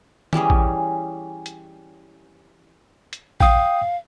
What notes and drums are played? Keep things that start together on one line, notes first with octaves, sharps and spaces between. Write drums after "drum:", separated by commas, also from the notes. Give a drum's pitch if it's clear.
E3 G3 C#4 G#4, drum: tom
drum: kick A#1
drum: hi-hat
drum: hi-hat
F5 G5 D#6, drum: kick A#1